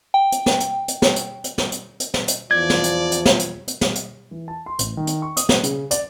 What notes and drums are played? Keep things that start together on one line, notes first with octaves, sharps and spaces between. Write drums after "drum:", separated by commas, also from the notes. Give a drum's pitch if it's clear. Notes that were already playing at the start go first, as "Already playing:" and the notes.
G5
drum: hi-hat
drum: snare
drum: hi-hat
drum: hi-hat
drum: snare
drum: hi-hat
drum: hi-hat
drum: snare
drum: hi-hat
drum: hi-hat
drum: snare
drum: hi-hat
E2 E3 F3 D5 G#6
drum: snare
drum: hi-hat
drum: hi-hat
drum: snare
drum: hi-hat
drum: hi-hat
drum: snare
drum: hi-hat
E3
A5
C6
A1, drum: hi-hat
D#3
drum: hi-hat
C#6
D#6, drum: hi-hat
drum: snare
C#3, drum: hi-hat
D5, drum: hi-hat